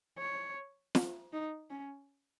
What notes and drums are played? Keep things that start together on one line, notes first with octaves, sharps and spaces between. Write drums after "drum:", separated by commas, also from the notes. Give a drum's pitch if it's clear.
C#5
drum: snare
D#4
C#4